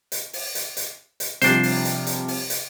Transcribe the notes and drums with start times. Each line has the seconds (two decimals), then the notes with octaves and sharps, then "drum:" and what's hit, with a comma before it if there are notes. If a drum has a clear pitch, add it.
0.12 drum: hi-hat
0.33 drum: open hi-hat
0.55 drum: hi-hat
0.77 drum: hi-hat
1.20 drum: hi-hat
1.42 C3 F3 G3 D4 C5, drum: hi-hat
1.63 drum: open hi-hat
1.85 drum: hi-hat
2.07 drum: hi-hat
2.28 drum: open hi-hat
2.50 drum: hi-hat